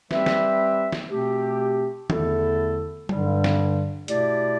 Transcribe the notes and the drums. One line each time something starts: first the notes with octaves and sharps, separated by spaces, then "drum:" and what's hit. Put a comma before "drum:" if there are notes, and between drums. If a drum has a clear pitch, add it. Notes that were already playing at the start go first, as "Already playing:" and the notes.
G3 C4 G4 B4 E5, drum: snare
drum: snare
drum: snare
B2 A3 C4 G4
E2 D3 A3 E4 A4, drum: tom D#3
G2 D3 G3, drum: tom F#3
drum: snare
B2 A3 E4 G4 D5, drum: hi-hat